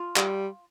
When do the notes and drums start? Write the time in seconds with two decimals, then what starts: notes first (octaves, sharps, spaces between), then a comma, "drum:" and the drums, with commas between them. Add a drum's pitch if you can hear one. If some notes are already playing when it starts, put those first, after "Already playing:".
Already playing: F4
0.16 G3, drum: clap